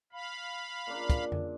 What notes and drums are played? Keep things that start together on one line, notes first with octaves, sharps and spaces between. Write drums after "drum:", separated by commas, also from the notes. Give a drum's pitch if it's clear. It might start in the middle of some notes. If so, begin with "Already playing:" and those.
F5 B5
A#2 C#3 D4
drum: kick, hi-hat
drum: tom F2